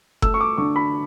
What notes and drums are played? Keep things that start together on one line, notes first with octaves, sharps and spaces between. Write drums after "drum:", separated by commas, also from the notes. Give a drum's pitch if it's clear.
A3 E6, drum: kick F#1
C#6
D6
D3 C#6
B5